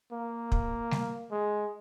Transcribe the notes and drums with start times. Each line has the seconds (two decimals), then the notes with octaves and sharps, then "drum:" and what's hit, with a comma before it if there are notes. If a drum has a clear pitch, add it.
0.12 A#3
0.52 drum: kick
0.91 drum: snare G3
1.31 G#3